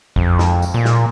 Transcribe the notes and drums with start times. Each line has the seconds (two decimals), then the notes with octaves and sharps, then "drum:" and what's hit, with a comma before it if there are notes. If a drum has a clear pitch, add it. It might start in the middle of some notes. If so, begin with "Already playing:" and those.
0.16 F2, drum: kick
0.39 drum: snare
0.62 drum: tambourine
0.74 A#2
0.85 drum: snare